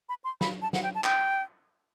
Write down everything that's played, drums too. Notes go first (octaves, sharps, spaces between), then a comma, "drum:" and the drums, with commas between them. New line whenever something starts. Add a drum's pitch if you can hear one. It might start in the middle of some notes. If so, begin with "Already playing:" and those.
B5
C6
B5, drum: snare
A5
F#5, drum: snare
G5
A5
G5, drum: clap